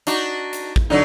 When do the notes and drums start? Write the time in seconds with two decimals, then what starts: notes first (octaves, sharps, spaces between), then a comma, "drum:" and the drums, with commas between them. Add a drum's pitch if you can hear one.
0.07 D4 D#4 F#4, drum: hi-hat
0.53 drum: hi-hat
0.76 drum: kick A1
0.90 D3 F#3 D4 D#4